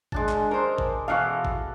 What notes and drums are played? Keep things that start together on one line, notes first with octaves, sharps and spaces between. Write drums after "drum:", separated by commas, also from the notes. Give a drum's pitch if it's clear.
G#3 D4 A5, drum: kick G1
drum: clap
A#4 C5
drum: kick G1
B2 E3 A4 F5 F#5 D6
drum: kick G1